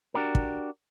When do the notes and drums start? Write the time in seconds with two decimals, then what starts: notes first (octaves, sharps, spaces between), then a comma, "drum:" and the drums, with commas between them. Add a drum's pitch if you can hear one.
0.14 D4 F#4 G4 A#4
0.35 drum: kick